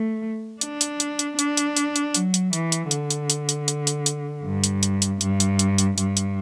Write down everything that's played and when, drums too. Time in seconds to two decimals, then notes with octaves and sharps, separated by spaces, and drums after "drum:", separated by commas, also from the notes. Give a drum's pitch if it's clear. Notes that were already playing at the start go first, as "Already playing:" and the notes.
Already playing: A3
0.61 D4, drum: hi-hat
0.81 drum: hi-hat
1.00 drum: hi-hat
1.19 drum: hi-hat
1.39 D4, drum: hi-hat
1.57 drum: hi-hat
1.77 drum: hi-hat
1.96 drum: hi-hat
2.14 F#3, drum: hi-hat
2.34 drum: hi-hat
2.53 E3, drum: hi-hat
2.72 drum: hi-hat
2.91 D3, drum: hi-hat
3.10 drum: hi-hat
3.30 drum: hi-hat
3.49 drum: hi-hat
3.68 drum: hi-hat
3.87 drum: hi-hat
4.06 drum: hi-hat
4.44 G2
4.64 drum: hi-hat
4.83 drum: hi-hat
5.02 drum: hi-hat
5.21 G2, drum: hi-hat
5.40 drum: hi-hat
5.59 drum: hi-hat
5.78 drum: hi-hat
5.98 G2, drum: hi-hat
6.17 drum: hi-hat